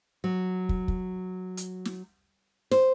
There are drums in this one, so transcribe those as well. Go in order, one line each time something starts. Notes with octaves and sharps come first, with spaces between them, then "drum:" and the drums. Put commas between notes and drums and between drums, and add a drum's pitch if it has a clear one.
F#3
drum: kick
drum: kick
drum: hi-hat
drum: snare
C5, drum: snare